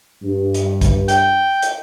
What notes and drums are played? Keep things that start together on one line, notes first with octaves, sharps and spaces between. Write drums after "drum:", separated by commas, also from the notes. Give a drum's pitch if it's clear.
G2
drum: hi-hat
drum: kick, hi-hat
G5, drum: hi-hat
drum: hi-hat